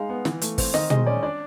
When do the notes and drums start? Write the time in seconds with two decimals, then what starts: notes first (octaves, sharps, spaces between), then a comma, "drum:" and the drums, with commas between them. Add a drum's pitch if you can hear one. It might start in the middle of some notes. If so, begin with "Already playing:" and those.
Already playing: G#3 D#4 F5
0.09 B3
0.25 E3, drum: snare
0.41 A3, drum: hi-hat
0.58 C4, drum: kick, open hi-hat
0.74 D#3 D#5, drum: snare
0.90 G#3 D#5, drum: tom
1.06 C#4 D5
1.23 D4 D5